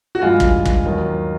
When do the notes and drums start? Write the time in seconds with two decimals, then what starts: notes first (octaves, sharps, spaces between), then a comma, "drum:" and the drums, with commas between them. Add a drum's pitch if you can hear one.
0.15 F#4
0.22 G2 E3 G#3 F4
0.40 drum: kick
0.65 drum: kick
0.85 D#2 D#3 F#3 A#3